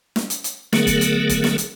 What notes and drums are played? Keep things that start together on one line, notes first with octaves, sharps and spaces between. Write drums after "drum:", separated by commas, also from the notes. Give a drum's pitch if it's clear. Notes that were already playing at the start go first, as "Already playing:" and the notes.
drum: snare
drum: hi-hat
drum: hi-hat
D3 F#3 A3 B3 G#4 A#4, drum: snare
drum: kick, hi-hat
drum: hi-hat
drum: kick, hi-hat
drum: snare
drum: hi-hat